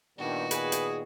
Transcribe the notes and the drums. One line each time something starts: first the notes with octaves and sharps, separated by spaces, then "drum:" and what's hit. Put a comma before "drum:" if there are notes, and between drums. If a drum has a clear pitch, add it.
G2 A#2 D#3 B3 F#4
G#4 B4, drum: hi-hat
drum: hi-hat